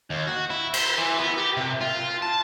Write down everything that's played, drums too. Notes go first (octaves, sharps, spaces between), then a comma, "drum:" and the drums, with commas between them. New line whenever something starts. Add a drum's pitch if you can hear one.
D#2
F#4
E4
C5, drum: cymbal
E3
B3
G4
C3
F4
A5